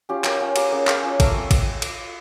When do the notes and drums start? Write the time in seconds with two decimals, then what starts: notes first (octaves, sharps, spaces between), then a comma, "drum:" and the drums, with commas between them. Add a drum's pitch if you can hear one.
0.09 C#4 F4 G4
0.24 A#3 G4, drum: clap
0.41 C#4 F4
0.56 A#3 G4, drum: cymbal
0.72 C#4 F4 G#4
0.87 A#3 A#4, drum: clap
1.03 C#4 F4
1.20 A3 A4, drum: kick A1, cymbal
1.34 C4
1.51 drum: kick A1, cymbal
1.82 drum: cymbal